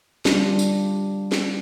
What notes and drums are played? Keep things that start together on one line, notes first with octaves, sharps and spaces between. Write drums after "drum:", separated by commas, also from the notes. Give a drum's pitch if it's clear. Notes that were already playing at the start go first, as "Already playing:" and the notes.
G3 D4 F4, drum: snare
drum: tambourine
drum: snare